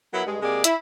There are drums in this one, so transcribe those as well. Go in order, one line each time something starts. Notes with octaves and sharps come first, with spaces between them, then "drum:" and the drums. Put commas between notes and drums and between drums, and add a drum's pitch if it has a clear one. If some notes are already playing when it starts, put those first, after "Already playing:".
F#3 B3 E4 A#4 F#5
G2 G#3
C3 G#3 A#3 G#4 D5
E4, drum: hi-hat